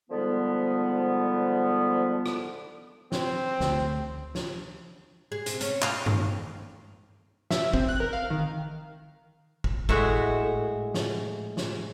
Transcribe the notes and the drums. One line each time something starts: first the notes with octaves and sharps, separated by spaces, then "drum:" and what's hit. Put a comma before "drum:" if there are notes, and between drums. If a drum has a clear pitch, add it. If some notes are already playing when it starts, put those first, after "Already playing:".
G#2 D3 F3 G3 B3
drum: rim click
C4, drum: snare
D2, drum: snare
drum: snare
G#4
C3, drum: hi-hat
C#4, drum: hi-hat
F5, drum: clap
D#3, drum: tom G2
E5, drum: snare
C4, drum: kick
F#6
A#4
F5
D#3
drum: kick
A2 G#3 F#4 E5 F#5, drum: kick
drum: snare
drum: snare